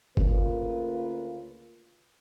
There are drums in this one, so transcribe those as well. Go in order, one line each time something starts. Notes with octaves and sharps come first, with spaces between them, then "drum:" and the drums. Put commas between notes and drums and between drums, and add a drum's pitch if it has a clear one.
D2 C#3 A#3 F4 A#4 B4, drum: kick F#1